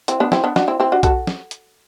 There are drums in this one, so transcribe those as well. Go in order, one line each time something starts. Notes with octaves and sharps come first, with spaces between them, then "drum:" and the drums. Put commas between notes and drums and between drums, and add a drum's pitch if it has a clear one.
C4 E4, drum: hi-hat
B3 D4
C4 E4, drum: snare
B3 D4
D4 F#4, drum: snare
C4 E4
C4 E4
D4 F#4
F#4 A4, drum: kick B1, hi-hat
drum: snare
drum: hi-hat